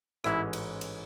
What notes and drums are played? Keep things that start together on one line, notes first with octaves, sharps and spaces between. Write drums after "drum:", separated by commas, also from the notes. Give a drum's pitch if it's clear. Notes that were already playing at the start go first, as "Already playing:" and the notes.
A1 G#2 E3 G#3 C#4 E4, drum: rim click
drum: cymbal
drum: cymbal